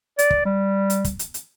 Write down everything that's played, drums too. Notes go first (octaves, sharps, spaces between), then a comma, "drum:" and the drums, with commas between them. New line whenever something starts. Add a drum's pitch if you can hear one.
D5, drum: hi-hat
drum: kick
G3
drum: hi-hat
drum: kick, hi-hat
drum: hi-hat
drum: hi-hat